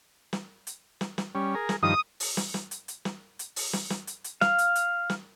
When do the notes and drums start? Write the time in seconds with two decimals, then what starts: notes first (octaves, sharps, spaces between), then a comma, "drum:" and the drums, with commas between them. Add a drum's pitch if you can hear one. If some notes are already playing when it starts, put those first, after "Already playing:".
0.33 drum: snare
0.67 drum: hi-hat
1.01 drum: snare
1.18 drum: snare
1.35 G3 C#4
1.55 G#4 A#4
1.69 drum: snare
1.83 G2 D#3 F3 D#6
2.20 drum: open hi-hat
2.37 drum: snare
2.54 drum: snare
2.71 drum: hi-hat
2.88 drum: hi-hat
3.05 drum: snare
3.39 drum: hi-hat
3.56 drum: open hi-hat
3.73 drum: snare
3.90 drum: snare
4.07 drum: hi-hat
4.24 drum: hi-hat
4.41 F5, drum: snare
4.58 drum: hi-hat
4.75 drum: hi-hat
5.10 drum: snare